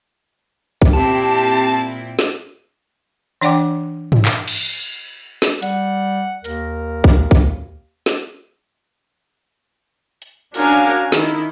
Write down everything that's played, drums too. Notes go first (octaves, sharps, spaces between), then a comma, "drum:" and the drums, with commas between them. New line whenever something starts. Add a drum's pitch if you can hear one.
drum: kick
A#2 C4 E4 G4 A5
drum: snare
E3 D4 D5 F#5 G5 D6
drum: tom
drum: clap
drum: cymbal
drum: snare
G3 F#5, drum: hi-hat
D#2 A#4, drum: hi-hat
drum: kick
drum: kick
drum: snare
drum: hi-hat
C#4 D4 F#4 A#4 F5 G#5, drum: open hi-hat
D#3 E4, drum: snare